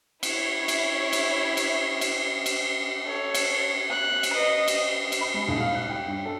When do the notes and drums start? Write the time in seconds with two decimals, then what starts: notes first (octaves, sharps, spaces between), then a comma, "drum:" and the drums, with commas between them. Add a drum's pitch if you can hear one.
0.23 E4 C#5, drum: cymbal
0.68 drum: cymbal
1.13 drum: cymbal
1.57 drum: cymbal
2.01 drum: cymbal
2.46 drum: cymbal
3.05 A4 C#5
3.34 drum: cymbal
3.90 F#6
4.23 drum: cymbal
4.33 B4 D#5
4.68 drum: cymbal
5.12 drum: cymbal
5.21 B5
5.34 G#3
5.48 D#1
5.60 F5
5.74 F#6
5.90 G5
6.06 G2
6.25 A4